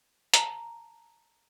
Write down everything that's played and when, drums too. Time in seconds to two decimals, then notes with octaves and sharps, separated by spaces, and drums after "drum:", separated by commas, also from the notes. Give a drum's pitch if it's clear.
0.34 A5 A#5, drum: hi-hat